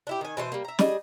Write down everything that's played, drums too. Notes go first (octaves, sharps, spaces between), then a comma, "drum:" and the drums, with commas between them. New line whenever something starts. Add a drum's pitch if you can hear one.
D4 E4 G4
D#3 G#5
B2 E3 E4 C5
G3 A#3
E5 A#5
G3 G#4 D#5, drum: snare